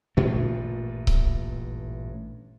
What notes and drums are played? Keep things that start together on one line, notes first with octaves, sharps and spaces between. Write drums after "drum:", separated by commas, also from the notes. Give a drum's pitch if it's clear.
A1 G2 A#2 A3
drum: kick C#1